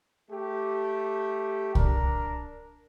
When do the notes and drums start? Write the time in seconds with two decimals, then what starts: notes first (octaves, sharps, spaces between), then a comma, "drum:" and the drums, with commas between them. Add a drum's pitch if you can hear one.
0.31 A3 G4
1.75 D4 A#4, drum: kick C2